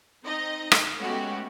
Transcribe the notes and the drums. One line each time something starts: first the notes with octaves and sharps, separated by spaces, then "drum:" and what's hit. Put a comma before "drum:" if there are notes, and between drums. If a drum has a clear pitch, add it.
C4 D#4 D#5 A#5
drum: rim click
G#3 A3 B3 C#4 F#4 G4